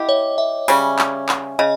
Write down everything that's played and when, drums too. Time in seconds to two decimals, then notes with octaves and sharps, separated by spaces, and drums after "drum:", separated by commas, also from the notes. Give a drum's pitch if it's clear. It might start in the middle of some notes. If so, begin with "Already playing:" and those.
Already playing: B3 E4 G4 D#5 E5
0.09 C#5
0.38 E5
0.68 C#3 G3 C#4, drum: open hi-hat
0.99 drum: clap
1.29 drum: clap
1.59 C#3 D#5